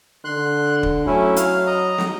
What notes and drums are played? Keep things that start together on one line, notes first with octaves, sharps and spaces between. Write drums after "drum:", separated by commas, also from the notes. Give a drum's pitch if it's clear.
D3 C6 F#6
drum: kick
F#3 A3 C#4 E4
F5, drum: hi-hat
D#5 A#5
drum: snare